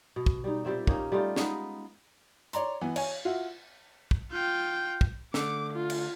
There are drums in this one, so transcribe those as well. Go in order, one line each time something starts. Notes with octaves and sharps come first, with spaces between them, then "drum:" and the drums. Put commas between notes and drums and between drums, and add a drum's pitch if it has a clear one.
B2
drum: kick
G3 D#4
A#2 G3 C4 E5
A#3 C#4 D#4 G4, drum: kick
G3 A3 D#4 F4
G#3 B3 D#4 B4, drum: snare
C#5 D5 A#5 C6, drum: hi-hat
E3 B3
C#5 G#5, drum: cymbal
F4 F#4 E5
drum: kick
F4 G5
drum: kick
D3 A3 D6, drum: snare
F4
drum: cymbal